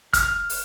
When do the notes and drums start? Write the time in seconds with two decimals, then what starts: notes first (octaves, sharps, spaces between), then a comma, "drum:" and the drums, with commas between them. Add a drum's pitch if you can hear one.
0.13 F6, drum: kick, hi-hat
0.50 drum: open hi-hat